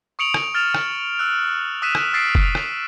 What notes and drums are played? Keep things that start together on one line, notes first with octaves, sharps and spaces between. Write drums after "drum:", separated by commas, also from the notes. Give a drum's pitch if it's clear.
C#6 D#6 C#7 D7 F7 F#7
drum: rim click
F6 A6 E7 F7
drum: rim click
E6 F#6
D#6 E6 F#6 B6 D#7 E7
drum: rim click
D#6 E6 A6 B6 C7 D7
drum: kick
drum: rim click